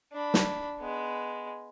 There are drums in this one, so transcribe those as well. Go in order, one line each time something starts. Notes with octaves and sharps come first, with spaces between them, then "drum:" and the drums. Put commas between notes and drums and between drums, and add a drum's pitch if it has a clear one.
D4 B5
drum: snare
G#3 B3